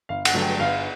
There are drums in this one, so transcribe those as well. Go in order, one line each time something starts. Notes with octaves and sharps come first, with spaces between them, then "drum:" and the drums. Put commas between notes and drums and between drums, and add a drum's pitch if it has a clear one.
G1 F5
F#5, drum: cymbal
G2 D3 F#3 A3
G5
G1 F5